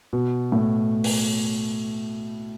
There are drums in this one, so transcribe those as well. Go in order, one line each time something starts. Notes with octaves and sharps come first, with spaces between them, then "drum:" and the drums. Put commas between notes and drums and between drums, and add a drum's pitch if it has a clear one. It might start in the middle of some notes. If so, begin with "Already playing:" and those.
B2
A2
drum: open hi-hat